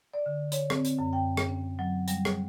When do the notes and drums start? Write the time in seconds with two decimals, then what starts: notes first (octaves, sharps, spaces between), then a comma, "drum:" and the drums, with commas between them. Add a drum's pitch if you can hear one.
0.13 D5
0.26 D3
0.52 C#5, drum: hi-hat
0.70 C4, drum: rim click
0.85 drum: hi-hat
0.99 F#2
1.13 G5
1.37 drum: rim click
1.48 C#4
1.79 F#3
2.08 G3, drum: hi-hat
2.25 drum: rim click